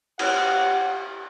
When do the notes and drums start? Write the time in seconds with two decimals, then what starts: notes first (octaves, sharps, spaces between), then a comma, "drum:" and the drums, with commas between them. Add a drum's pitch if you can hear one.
0.19 G4 C#5 F#5, drum: cymbal